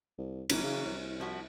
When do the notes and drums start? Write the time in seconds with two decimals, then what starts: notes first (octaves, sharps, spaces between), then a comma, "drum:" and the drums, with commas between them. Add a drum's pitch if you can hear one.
0.18 C2
0.50 G1 E3 F#3 C#4, drum: cymbal
0.64 C#3
0.86 C2
1.20 F3 E4 F#4